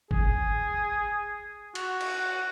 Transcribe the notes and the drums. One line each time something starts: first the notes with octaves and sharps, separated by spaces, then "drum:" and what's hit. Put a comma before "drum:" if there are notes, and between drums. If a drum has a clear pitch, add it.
G#4, drum: kick
F#4, drum: cymbal
drum: cymbal